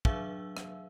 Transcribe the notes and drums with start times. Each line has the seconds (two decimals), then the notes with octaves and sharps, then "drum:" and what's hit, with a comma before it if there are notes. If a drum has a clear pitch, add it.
0.05 F#3 D4 G#4 E5 F5 E6, drum: kick
0.57 drum: rim click